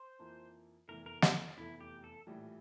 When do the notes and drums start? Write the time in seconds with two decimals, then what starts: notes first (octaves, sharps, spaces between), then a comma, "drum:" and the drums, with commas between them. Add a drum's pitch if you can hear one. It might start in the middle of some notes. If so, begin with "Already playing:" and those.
Already playing: C5
0.19 F2 E3 A#3
0.88 F1 E2 E3 A3 A#4
1.06 A#4
1.22 A4, drum: snare
1.57 F1 E2 E3 A3 E4
1.81 G4
2.04 A4
2.27 A#1 A2 E3 G3